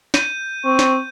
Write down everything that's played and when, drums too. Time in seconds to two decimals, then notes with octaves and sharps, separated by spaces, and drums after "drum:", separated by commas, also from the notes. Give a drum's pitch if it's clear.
0.14 G6 D#7, drum: snare
0.65 C4 C#6
0.79 drum: snare